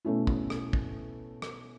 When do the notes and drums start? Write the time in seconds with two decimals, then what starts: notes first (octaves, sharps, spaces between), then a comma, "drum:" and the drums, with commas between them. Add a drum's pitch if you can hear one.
0.05 B2 A3 C#4 E4
0.27 drum: kick
0.50 drum: rim click
0.73 drum: kick
1.42 drum: rim click